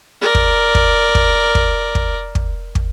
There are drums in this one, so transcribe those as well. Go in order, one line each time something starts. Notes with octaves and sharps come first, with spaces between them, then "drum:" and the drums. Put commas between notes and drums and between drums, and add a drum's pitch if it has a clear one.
A#4 D5
drum: kick
drum: kick
drum: kick
drum: kick
drum: kick
drum: kick
drum: kick